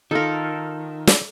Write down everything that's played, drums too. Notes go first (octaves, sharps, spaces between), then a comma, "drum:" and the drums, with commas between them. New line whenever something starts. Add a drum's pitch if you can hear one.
D#3 D#4 F4 A4 A#4
drum: snare